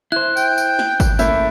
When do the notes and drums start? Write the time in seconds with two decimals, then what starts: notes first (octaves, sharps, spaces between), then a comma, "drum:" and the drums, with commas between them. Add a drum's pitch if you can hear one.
0.12 E4 C5 F#6
0.37 G5, drum: tambourine
0.58 drum: tambourine
0.79 drum: snare
1.00 drum: kick G#1, tambourine
1.19 A3 A#3 C#4 E4, drum: tambourine